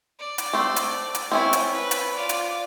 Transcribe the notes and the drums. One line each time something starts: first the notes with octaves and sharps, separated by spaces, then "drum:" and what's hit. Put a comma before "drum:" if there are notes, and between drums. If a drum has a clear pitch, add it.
D5
drum: hi-hat
A3 C4
drum: hi-hat
drum: hi-hat
C4 C#4 E4
drum: hi-hat
B4
drum: hi-hat
F4 D5
drum: hi-hat